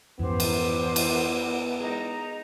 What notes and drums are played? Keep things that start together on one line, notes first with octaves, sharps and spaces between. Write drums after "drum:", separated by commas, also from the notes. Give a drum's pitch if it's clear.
F2 G#2 E3 B3 C#4 G4 C5
drum: cymbal
drum: cymbal
D#4 G#4 D#5 A#5